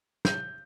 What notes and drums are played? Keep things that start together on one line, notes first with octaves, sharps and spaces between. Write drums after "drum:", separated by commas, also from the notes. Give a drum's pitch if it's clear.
G6, drum: snare